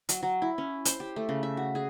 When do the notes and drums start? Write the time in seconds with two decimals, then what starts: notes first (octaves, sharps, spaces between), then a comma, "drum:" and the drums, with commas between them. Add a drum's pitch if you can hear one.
0.09 F#3, drum: hi-hat
0.23 F#3
0.42 E4
0.58 C#4
0.85 C5, drum: hi-hat
1.00 G4
1.16 A3
1.29 C#3
1.43 E5
1.57 F#4
1.75 G#4